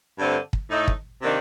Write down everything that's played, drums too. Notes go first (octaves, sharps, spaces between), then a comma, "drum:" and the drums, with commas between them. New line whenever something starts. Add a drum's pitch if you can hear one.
G2 D3 A3 C4
drum: kick
A2 A3 D#4
drum: kick
C3 D#3 A#3 D4